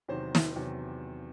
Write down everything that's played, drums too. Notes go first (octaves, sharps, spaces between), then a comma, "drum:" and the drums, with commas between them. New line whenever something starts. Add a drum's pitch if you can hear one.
E2 C3 D#3 F#3 C5
drum: snare
E2 C3 D#3 F#3